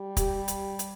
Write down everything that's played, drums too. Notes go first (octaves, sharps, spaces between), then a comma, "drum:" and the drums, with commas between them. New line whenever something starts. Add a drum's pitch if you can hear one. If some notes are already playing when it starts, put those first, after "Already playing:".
Already playing: G3
G4, drum: kick, hi-hat
drum: hi-hat
drum: hi-hat